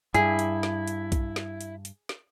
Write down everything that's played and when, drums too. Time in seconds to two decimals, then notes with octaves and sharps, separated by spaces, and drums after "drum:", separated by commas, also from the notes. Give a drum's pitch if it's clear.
0.14 G2 E4 G#4, drum: hi-hat
0.39 drum: hi-hat
0.63 drum: snare
0.88 drum: hi-hat
1.12 drum: kick B1, hi-hat
1.36 drum: snare
1.61 drum: hi-hat
1.85 drum: hi-hat
2.09 drum: snare